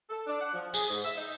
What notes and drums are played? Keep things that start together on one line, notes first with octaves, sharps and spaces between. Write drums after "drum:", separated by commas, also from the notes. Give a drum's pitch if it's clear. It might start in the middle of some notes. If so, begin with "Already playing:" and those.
A4
D4
F#5
F3
G#4, drum: tambourine
G#2
E5
D#4